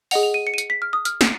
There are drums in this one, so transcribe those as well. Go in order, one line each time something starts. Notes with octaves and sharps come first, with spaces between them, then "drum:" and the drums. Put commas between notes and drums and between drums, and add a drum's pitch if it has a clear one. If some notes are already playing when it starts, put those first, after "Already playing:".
G#4 D#5 F#5 F7, drum: open hi-hat
F7
D#7
C#7
D#7
C#7, drum: hi-hat
B6
F6
D#6
F6, drum: hi-hat
drum: snare